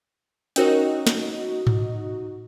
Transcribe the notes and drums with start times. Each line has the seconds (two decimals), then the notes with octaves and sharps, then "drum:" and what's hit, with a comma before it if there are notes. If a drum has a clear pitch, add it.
0.56 C#4 D#4 F#4 A#4 C#5 D#5, drum: hi-hat
1.07 drum: snare
1.67 drum: tom G#2